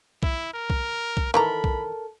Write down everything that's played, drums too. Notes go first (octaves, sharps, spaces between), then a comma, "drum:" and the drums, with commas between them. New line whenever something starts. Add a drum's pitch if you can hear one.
E4, drum: kick B1
A#4
drum: kick B1
drum: kick B1
D#3 E3 A4 A#4 A#5 B5
drum: kick B1